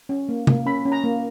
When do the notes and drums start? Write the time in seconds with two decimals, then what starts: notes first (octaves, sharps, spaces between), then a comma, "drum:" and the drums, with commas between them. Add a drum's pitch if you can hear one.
0.09 C#4
0.29 A#3
0.47 A#3, drum: tom
0.66 C#4 B5
0.85 C#4
0.92 A#5
1.03 A#3